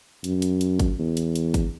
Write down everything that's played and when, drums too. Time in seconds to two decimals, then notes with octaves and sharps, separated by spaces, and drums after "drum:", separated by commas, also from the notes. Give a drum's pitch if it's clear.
0.24 F#2, drum: hi-hat
0.42 drum: hi-hat
0.61 drum: hi-hat
0.80 drum: kick, hi-hat
0.99 E2
1.17 drum: hi-hat
1.35 drum: hi-hat
1.54 drum: kick, hi-hat